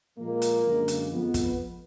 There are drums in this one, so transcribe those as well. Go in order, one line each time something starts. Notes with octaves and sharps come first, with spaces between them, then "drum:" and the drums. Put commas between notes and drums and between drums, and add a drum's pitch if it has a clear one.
A#2 F3 G#3 A#3
drum: hi-hat
F#2 D3 G#3
drum: hi-hat
F2 F3 G#3 B3
drum: kick, hi-hat